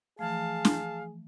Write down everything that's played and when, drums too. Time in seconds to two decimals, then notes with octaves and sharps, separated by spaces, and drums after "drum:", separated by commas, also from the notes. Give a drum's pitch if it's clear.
0.19 E3 F3 A3 G#4 F5 A5
0.65 drum: snare